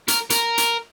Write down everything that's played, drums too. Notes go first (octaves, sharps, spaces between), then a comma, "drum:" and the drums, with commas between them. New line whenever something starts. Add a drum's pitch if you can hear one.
A#4, drum: hi-hat
A#4, drum: hi-hat
drum: hi-hat